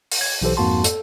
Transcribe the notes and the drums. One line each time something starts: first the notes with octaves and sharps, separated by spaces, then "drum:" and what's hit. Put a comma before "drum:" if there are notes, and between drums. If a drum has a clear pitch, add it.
drum: open hi-hat
G#6
B1 E3 G4 A4 C5
F2 G#2 A#3 F#4 A5 C6
A4, drum: hi-hat